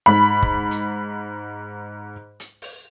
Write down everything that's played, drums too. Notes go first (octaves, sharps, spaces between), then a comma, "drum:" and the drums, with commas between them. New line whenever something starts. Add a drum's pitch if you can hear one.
G#2 B5
drum: kick
drum: hi-hat
drum: hi-hat
drum: open hi-hat